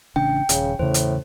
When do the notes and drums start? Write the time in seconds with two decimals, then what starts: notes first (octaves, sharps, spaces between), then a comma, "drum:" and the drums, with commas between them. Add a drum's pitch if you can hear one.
0.16 A1 C#3 D4 G5
0.49 D#1 C#3, drum: hi-hat
0.79 E2 A2 C#3 C5
0.94 drum: hi-hat